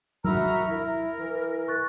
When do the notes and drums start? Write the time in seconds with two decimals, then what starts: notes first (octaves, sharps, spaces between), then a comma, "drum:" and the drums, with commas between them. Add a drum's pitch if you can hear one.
0.25 F#4 A#4 E5 A#5 B5 E6 F6, drum: tom F#3
0.68 E4 A#4
1.20 E3
1.68 C#6 F#6 A6